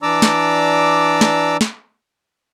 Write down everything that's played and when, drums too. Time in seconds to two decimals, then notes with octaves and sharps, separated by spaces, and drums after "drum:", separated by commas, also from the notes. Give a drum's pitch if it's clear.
0.02 E3 D4 D5 A#5 D6 E6
0.22 drum: snare
1.21 drum: snare
1.61 drum: snare